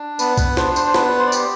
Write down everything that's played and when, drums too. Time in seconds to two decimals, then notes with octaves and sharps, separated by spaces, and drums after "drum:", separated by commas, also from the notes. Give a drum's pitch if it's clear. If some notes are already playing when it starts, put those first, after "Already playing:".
Already playing: D4
0.19 B3 B4, drum: tambourine
0.38 B4, drum: kick B1, tambourine
0.57 D4 C5, drum: snare
0.76 C5, drum: tambourine
0.86 C5
0.94 B3 B4, drum: snare
1.19 C5
1.27 D5
1.32 G4 C5, drum: tambourine